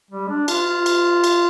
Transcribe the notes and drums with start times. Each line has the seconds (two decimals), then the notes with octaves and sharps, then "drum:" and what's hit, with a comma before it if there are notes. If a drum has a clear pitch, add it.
0.11 G3
0.29 D4
0.48 F4, drum: cymbal
0.67 F4
0.86 drum: cymbal
1.24 drum: cymbal